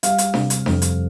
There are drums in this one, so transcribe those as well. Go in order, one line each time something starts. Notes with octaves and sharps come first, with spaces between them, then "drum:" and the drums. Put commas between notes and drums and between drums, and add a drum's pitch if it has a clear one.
G3 F5, drum: hi-hat
drum: hi-hat
C3, drum: snare D4
drum: hi-hat
F2, drum: snare D4
drum: hi-hat